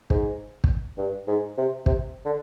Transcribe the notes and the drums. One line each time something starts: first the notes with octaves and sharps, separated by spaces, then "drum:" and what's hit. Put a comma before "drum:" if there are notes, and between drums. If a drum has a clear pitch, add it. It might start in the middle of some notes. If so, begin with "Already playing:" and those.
G#2, drum: kick
drum: kick
G2
G#2
C3
C3, drum: kick
D3